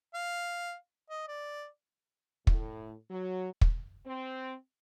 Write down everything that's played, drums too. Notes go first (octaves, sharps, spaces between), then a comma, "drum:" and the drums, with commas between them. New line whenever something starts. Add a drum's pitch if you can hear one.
F5
D#5
D5
A2, drum: kick
F#3
drum: kick
C4